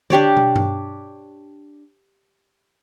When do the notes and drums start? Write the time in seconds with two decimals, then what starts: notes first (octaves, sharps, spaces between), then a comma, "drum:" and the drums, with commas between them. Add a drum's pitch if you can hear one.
0.10 D4 G4 C#5 D5, drum: tom D3
0.37 drum: tom
0.56 drum: tom G2